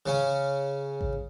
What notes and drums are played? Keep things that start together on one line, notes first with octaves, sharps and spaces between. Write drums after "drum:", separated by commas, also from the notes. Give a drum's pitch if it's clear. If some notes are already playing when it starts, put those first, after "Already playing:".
C#3 C#4
drum: kick A1